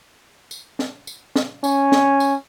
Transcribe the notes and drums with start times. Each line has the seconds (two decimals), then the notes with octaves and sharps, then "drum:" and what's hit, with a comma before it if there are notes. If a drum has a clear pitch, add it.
0.51 drum: tambourine
0.79 drum: snare
1.07 drum: tambourine
1.36 drum: snare
1.64 C#4, drum: tambourine
1.92 drum: snare
2.20 drum: tambourine